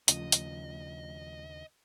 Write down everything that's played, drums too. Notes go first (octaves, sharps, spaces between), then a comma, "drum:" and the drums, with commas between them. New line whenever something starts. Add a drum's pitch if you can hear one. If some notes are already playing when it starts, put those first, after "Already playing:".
D#2 C#3 F3 A3 C#4 F4 D#5, drum: hi-hat
drum: hi-hat